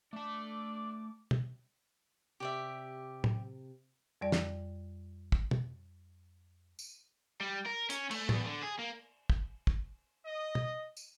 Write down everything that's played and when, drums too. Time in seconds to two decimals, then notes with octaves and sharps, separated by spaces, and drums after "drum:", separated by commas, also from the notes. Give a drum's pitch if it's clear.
0.13 A3 D4 A5 D6
1.31 drum: tom
2.40 C3 G4 D5 E5
3.24 drum: tom
4.21 F2 G3 D5
4.32 drum: snare
5.32 drum: kick
5.51 drum: tom
6.79 drum: tambourine
7.41 G3
7.66 A#4
7.90 C#4, drum: hi-hat
8.11 A3, drum: cymbal
8.29 E2, drum: tom
8.46 D3
8.63 G#4
8.79 A#3
9.30 drum: kick
9.67 drum: kick
10.25 D#5
10.55 drum: tom
10.97 drum: tambourine